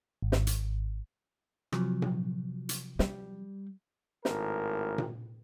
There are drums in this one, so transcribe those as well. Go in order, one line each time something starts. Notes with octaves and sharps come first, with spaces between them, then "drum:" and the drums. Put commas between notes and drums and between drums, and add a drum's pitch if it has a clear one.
G#1
drum: snare
drum: hi-hat
C3 F3 F#3, drum: rim click
drum: tom A#2
drum: hi-hat
G3, drum: snare
G#1 A2 A#4, drum: snare
drum: tom A#2